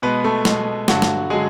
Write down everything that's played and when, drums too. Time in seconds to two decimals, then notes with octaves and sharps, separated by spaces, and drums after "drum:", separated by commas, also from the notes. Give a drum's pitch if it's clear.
0.02 B2 G#3 B3 B4
0.24 A3 A4
0.45 B2 G#3, drum: snare
0.88 G2 D3 F#3 F#4, drum: snare
1.02 drum: snare
1.30 D3 F#3 G#3 G#4